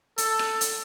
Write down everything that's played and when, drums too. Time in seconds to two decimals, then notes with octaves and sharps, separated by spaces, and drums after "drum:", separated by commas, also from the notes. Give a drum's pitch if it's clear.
0.18 A4, drum: hi-hat
0.39 drum: rim click
0.61 drum: hi-hat